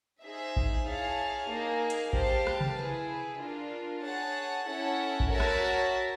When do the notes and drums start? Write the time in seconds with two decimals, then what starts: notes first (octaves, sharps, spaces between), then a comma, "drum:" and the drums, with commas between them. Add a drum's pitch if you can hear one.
0.22 D#4 G#4 C5 E5
0.57 drum: kick A1
0.86 E4 G#4 C#5 F5 A5
1.49 A#3 D#4 G#4
1.90 drum: hi-hat
2.13 G4 C5 F5 A5, drum: kick A1
2.47 drum: rim click
2.61 drum: tom C3
2.77 E4 G#4 B4
3.40 D4 F4 A#4
4.03 G#4 C#5 F#5 A5
4.67 C#4 E4 A4 C#5 F#5
5.20 drum: kick A1
5.31 F#4 A#4 C#5 E5 A5
5.40 drum: rim click